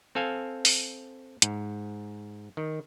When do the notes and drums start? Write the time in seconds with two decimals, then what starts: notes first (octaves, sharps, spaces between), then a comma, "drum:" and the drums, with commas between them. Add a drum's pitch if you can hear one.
0.15 C4 A4 F5 G#5
0.65 drum: open hi-hat
1.42 G#2, drum: hi-hat
2.57 D#3